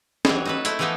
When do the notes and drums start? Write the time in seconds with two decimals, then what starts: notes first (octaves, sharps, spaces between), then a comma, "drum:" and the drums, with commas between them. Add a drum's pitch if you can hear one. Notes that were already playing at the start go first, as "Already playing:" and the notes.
0.25 E3 F#3 G3 C#5, drum: snare
0.45 D#4 A4 B4
0.65 A3 E4 C5, drum: hi-hat
0.79 E3 F3 A3 B3 D#4 E4